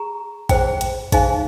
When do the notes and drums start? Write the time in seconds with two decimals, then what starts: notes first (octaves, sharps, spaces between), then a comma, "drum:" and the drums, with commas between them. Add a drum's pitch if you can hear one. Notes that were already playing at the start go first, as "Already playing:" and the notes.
Already playing: G#4 A#5 C#6
0.49 G#4 C5 G5, drum: kick A1, hi-hat
0.81 drum: hi-hat
1.12 D#4 G#4 C5 F5 G#5, drum: kick A1, hi-hat